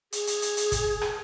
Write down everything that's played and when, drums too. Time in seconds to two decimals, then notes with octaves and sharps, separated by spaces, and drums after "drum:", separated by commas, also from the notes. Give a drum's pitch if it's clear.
0.12 G#4, drum: hi-hat
0.27 drum: hi-hat
0.42 drum: hi-hat
0.57 drum: hi-hat
0.72 drum: kick, hi-hat
1.01 drum: rim click